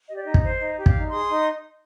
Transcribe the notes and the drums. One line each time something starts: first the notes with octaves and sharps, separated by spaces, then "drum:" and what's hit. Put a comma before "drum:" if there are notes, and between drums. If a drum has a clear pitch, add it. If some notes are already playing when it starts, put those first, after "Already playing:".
G4 D#5
D5
D#4 D#5
drum: kick
C5
D#4 D#5
G4
D5 F5, drum: kick
D#4
G#4 C6 D#6
D#4